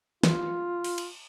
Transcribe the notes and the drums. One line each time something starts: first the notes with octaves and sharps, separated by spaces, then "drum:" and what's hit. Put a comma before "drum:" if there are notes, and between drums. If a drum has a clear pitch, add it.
F4, drum: snare
drum: open hi-hat
drum: cymbal